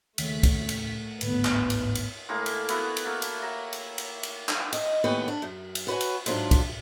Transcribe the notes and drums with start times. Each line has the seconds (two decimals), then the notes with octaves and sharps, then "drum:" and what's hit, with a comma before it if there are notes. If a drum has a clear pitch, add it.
0.18 D#2 C#3 A3 B6, drum: cymbal
0.43 drum: kick, cymbal
0.69 drum: cymbal
1.21 G#1 D2 A2 B3 B4, drum: cymbal
1.45 drum: clap
1.70 drum: cymbal
1.95 drum: cymbal
2.29 A2 G#3 A#3 D6
2.46 drum: cymbal
2.69 B3 E4 F#4, drum: cymbal
2.97 drum: cymbal
3.06 A#3 A4 A5
3.22 drum: cymbal
3.42 C#5 E5 G5 A#5
3.73 drum: cymbal
3.98 drum: cymbal
4.23 drum: cymbal
4.49 drum: clap
4.73 D#5, drum: cymbal
5.04 D#2 A2 B3 C#4 G4 B4
5.28 D4
5.42 F#2
5.75 drum: cymbal
5.87 F#4 B4 C#5 G#5
6.01 drum: cymbal
6.26 G#2 F#3 D4 F4, drum: cymbal
6.51 drum: kick, cymbal